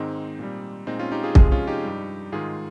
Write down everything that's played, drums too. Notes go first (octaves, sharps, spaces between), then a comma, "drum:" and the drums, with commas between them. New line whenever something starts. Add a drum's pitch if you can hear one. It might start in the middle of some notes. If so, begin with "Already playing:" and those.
Already playing: G#2 D#3 G#3 C4 D#4
A#2 G3
A#2 G#3 C4 D#4
C#4 F4
D#4 G4
F4 G#4
F2 C3 F3 G#3 F4 G#4, drum: kick
C#4 F4
D#4 G4
G2 G3
G#2 D#3 G#3 F4 G#4